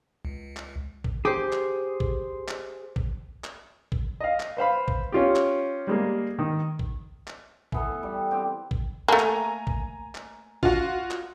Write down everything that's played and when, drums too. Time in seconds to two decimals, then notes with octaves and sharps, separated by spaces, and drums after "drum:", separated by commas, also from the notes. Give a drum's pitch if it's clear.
0.25 C#2
0.57 drum: clap
1.04 drum: kick
1.25 G4 G#4 C5
1.52 drum: clap
2.00 drum: kick
2.48 drum: clap
2.96 drum: kick
3.44 drum: clap
3.92 drum: kick
4.20 D#5 F5
4.40 drum: clap
4.57 B4 C5 F5 B5
4.88 drum: kick
5.12 C#4 F4 G4
5.36 drum: clap
5.87 G3 G#3 A#3
6.39 D#3
6.79 drum: kick
7.27 drum: clap
7.72 E3 B3 A4, drum: kick
8.03 G3
8.31 C4 G4
8.71 drum: kick
9.08 A3 A#3 G#5 A#5
9.19 drum: clap
9.67 drum: kick
10.15 drum: clap
10.63 F4 F#4, drum: kick
11.11 drum: clap